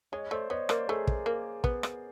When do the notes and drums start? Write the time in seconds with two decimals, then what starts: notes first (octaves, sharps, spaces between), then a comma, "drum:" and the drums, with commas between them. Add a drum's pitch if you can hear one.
0.12 G#3 C#5 D#5
0.31 A3 C5 D5
0.50 B3 C#5 D#5
0.69 A#3 C5 D5, drum: rim click
0.88 A3 G#4 A#4
1.07 drum: kick
1.26 A#3
1.64 B3, drum: kick
1.83 drum: rim click